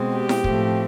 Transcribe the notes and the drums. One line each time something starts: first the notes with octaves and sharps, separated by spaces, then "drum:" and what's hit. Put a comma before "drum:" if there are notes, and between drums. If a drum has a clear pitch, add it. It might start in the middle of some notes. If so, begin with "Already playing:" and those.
Already playing: B2 G#3 C4
G4
drum: snare E4
A2 F3 A3 C4, drum: kick